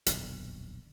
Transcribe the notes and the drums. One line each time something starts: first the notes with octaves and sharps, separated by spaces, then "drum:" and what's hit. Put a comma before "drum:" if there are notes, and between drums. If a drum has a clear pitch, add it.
D#1 B1 F2 D3, drum: hi-hat